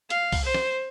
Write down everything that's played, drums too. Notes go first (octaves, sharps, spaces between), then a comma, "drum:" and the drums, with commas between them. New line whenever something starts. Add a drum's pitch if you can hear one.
F5, drum: hi-hat
drum: kick, open hi-hat
C5
drum: snare